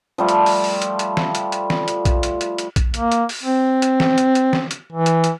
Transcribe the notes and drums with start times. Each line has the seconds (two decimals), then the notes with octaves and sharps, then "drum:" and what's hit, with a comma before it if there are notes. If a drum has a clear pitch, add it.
0.18 F3 G3 A3
0.29 drum: hi-hat
0.46 drum: open hi-hat
0.64 drum: open hi-hat
0.82 drum: hi-hat
0.99 drum: hi-hat
1.17 drum: snare
1.35 drum: hi-hat
1.52 drum: hi-hat
1.70 drum: snare
1.88 drum: hi-hat
2.05 drum: kick A#1, hi-hat
2.23 drum: hi-hat
2.41 drum: hi-hat
2.58 drum: hi-hat
2.76 drum: kick A#1, hi-hat
2.94 A#3, drum: hi-hat
3.12 drum: hi-hat
3.29 drum: open hi-hat
3.43 C4
3.82 drum: hi-hat
4.00 drum: snare
4.18 drum: hi-hat
4.35 drum: hi-hat
4.53 drum: snare
4.71 drum: hi-hat
4.92 E3
5.06 drum: hi-hat
5.24 drum: hi-hat